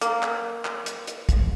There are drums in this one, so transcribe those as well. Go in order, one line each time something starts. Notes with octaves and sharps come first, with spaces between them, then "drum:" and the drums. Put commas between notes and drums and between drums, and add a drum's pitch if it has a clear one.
A#3, drum: hi-hat
drum: clap
drum: clap
drum: hi-hat
drum: hi-hat
drum: kick, hi-hat